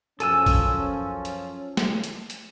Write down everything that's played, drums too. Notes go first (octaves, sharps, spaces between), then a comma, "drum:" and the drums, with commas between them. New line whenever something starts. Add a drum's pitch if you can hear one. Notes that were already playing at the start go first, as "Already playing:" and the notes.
F#2 F3 C#4 A4 G#5 E6, drum: hi-hat
drum: kick A#1, open hi-hat
drum: hi-hat
drum: snare
drum: hi-hat
drum: hi-hat